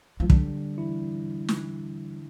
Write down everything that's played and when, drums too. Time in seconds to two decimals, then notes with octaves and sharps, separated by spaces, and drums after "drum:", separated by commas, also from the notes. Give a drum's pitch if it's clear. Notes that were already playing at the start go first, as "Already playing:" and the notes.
0.20 F3
0.30 D3 G3 D4, drum: kick
0.78 E3 E4
1.49 drum: snare